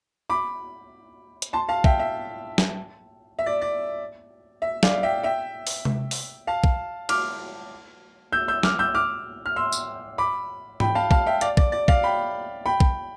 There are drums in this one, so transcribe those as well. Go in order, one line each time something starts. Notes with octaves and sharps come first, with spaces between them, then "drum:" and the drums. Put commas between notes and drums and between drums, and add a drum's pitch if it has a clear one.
B5 D6
drum: hi-hat
A5 C6
F5 A5
E5 G5, drum: kick
E5
drum: snare
E5
D5
D5
E5
D5 F5, drum: snare
E5 G5
E5 G5
drum: open hi-hat
drum: tom C3
drum: open hi-hat
F5 A5
drum: kick
D6 F6, drum: cymbal
E6 G6
E6 G6
D6 F6, drum: snare
E6 G6
D6 F6
F6
C6 E6
drum: tambourine
B5 D6
G5 B5, drum: tom G#2
F5 A5
F5 A5, drum: kick
E5 G5
D5 F5, drum: hi-hat
D5, drum: kick
D5
D5 F5, drum: kick
G5 B5
G5 B5
drum: kick